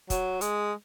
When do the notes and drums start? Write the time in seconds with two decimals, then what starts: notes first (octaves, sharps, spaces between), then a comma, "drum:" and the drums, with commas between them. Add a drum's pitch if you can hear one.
0.10 F#3, drum: kick, hi-hat
0.41 G#3, drum: hi-hat